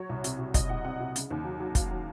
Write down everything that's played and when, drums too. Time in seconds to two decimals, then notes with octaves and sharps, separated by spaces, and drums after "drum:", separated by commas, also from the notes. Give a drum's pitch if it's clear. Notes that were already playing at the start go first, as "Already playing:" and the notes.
Already playing: F#3 C#5
0.09 C2
0.24 C3, drum: hi-hat
0.39 C3
0.54 C2 D#5, drum: kick, hi-hat
0.69 C2 F#5
0.85 C3 F#5
1.00 C3
1.16 C#3, drum: hi-hat
1.31 D#2
1.45 F#3
1.60 F#3
1.75 F#3 F5, drum: kick, hi-hat
1.91 F#3